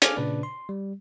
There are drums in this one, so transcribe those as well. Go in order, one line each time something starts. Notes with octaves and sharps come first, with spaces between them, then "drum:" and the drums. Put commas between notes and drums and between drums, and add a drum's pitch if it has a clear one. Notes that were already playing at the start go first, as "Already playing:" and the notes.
G#4 A4 F5 G#5 D6 F6, drum: hi-hat
A#2 C#3 D4 B4 D5
C6
G3